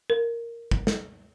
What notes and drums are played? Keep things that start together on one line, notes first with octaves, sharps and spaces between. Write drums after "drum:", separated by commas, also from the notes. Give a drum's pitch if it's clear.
A#4
drum: kick
drum: snare